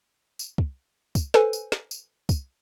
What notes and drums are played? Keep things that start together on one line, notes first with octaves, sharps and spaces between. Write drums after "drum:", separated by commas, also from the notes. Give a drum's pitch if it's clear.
drum: tambourine
drum: kick
drum: kick, tambourine
A4 B4 C5 G#5, drum: snare
drum: tambourine
drum: snare
drum: tambourine
drum: kick, tambourine